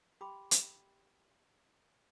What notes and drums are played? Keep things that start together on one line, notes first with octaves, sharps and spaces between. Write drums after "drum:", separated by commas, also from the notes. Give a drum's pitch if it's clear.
G4 G5 B5 C6 D6
drum: hi-hat